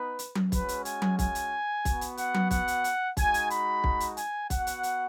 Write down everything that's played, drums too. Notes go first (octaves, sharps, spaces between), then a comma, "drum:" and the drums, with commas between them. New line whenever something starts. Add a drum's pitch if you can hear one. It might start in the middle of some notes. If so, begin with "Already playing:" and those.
Already playing: B3 D#4 B4
drum: hi-hat
drum: tom F#3
G#3 C#4 F#4 B4, drum: kick, hi-hat
drum: hi-hat
G#5, drum: hi-hat
drum: tom F#3
G#5, drum: kick, hi-hat
drum: hi-hat
B3 F#4, drum: kick, hi-hat
drum: hi-hat
F#5, drum: hi-hat
drum: tom F#3
F#5, drum: kick, hi-hat
drum: hi-hat
drum: hi-hat
G#3 D#4 F#4 G#5, drum: kick, hi-hat
drum: hi-hat
B5, drum: hi-hat
drum: kick
drum: hi-hat
G#5, drum: hi-hat
B3 F#4 F#5, drum: kick, hi-hat
drum: hi-hat
drum: hi-hat